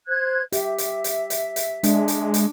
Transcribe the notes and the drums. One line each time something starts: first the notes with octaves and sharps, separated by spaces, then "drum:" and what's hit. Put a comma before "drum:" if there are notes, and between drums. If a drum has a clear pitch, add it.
C5 F#6 G#6
G4 E5, drum: hi-hat
drum: hi-hat
drum: hi-hat
drum: hi-hat
drum: hi-hat
G#3 D4, drum: hi-hat
drum: hi-hat
drum: hi-hat